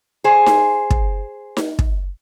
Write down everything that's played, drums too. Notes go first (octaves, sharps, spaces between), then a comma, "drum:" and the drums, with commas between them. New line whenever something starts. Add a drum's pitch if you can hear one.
G#4 C5
drum: snare D#4
drum: kick
drum: snare D#4
drum: kick